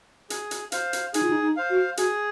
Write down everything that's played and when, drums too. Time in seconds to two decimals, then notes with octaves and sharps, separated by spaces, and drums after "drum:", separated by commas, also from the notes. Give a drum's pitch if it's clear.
0.30 G#4, drum: hi-hat
0.51 drum: hi-hat
0.72 C5 F5, drum: hi-hat
0.93 drum: hi-hat
1.14 D#4 G#4, drum: hi-hat
1.23 F4
1.30 D#4
1.42 D#4
1.57 C5 F5
1.70 F#4
1.97 F#4 G#4, drum: hi-hat